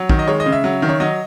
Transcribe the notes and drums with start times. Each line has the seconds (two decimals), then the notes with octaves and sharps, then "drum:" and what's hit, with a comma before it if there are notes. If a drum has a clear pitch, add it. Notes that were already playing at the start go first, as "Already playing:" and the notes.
Already playing: F#3
0.10 D#3, drum: kick
0.19 D#5
0.28 G#3 C#5
0.40 D#5
0.46 C#3
0.52 E5
0.64 F#3
0.82 D#3
0.89 C#5
1.00 F#3 D#5